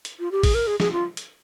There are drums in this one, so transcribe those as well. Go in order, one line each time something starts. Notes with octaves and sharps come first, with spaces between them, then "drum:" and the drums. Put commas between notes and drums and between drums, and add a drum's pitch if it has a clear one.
drum: hi-hat
F4
G4
G#4, drum: kick, open hi-hat
A#4
G#4
G#4, drum: snare
F4
drum: hi-hat